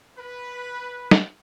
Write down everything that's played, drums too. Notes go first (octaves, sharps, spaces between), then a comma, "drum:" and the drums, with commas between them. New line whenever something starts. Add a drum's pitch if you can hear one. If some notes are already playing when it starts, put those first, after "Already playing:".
B4
drum: snare